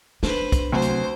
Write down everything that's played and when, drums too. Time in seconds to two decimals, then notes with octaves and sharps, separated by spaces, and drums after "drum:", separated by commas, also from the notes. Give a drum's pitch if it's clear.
0.23 D4 B4 C5, drum: snare
0.52 drum: kick, hi-hat
0.72 D2 C3 F#3 C5
0.82 drum: hi-hat